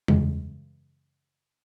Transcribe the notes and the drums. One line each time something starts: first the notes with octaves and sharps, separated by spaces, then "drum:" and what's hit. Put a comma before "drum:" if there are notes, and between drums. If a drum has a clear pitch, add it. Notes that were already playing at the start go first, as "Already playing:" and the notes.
F#2 C#3 E3 G#3, drum: tom E2